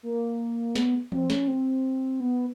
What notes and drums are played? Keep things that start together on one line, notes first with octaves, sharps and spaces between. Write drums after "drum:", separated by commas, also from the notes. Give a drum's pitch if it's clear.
A#3
B3, drum: snare
C4, drum: tom E3
C#4, drum: snare
C4
B3